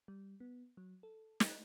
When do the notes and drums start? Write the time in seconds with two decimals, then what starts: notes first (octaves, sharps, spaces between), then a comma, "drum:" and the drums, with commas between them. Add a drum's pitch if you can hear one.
0.08 G3
0.40 B3
0.77 F#3
1.03 A4
1.40 drum: snare
1.49 F#6